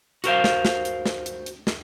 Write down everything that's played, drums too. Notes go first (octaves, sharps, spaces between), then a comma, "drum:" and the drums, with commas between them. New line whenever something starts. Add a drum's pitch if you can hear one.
F#4 A#4 C5 F5, drum: hi-hat
drum: snare
drum: snare
drum: hi-hat
drum: snare
drum: hi-hat
drum: hi-hat
drum: snare